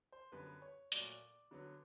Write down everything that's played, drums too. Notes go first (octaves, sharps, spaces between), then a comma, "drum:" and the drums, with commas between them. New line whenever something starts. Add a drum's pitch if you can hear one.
C5
F#2 D3 G3 B3 B4
C#5
A#2 F#3 A3 D5, drum: hi-hat
D3 F#3 B3